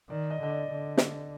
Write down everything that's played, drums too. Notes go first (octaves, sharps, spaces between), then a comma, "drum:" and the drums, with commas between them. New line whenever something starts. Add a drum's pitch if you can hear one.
D#3 D5
D#5
D3 D#5
D5
D3
drum: snare